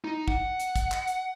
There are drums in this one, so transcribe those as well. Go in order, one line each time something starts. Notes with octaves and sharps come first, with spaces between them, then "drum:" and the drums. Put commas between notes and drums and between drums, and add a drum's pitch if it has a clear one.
D#4
F#5, drum: kick
drum: hi-hat
drum: kick, hi-hat
drum: clap
drum: hi-hat